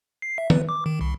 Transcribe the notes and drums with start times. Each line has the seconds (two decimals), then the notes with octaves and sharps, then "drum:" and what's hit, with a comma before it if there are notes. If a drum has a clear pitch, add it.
0.22 C7
0.38 E5
0.50 B4, drum: tom D#3
0.69 D6
0.86 D#3
1.01 C2